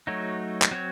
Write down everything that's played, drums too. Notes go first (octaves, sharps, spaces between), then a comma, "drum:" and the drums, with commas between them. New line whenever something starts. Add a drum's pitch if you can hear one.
F#3 A3 D#4 F#4 C#5
drum: clap
F#3 C4 F#4 C#5